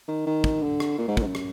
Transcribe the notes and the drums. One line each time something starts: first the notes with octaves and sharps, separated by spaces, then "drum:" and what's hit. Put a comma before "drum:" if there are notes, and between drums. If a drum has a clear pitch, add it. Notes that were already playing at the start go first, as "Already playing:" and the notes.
D#3
D#3
drum: kick
D3
drum: rim click
A#2
G#2
A#2, drum: kick
G#2
F#2
drum: rim click